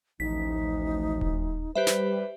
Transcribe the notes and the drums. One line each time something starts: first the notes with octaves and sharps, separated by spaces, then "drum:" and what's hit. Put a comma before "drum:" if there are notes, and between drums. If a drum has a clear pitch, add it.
A1 D2 F3 D#4 B6
drum: kick D#1
G3 G4 B4 C5 E5
drum: snare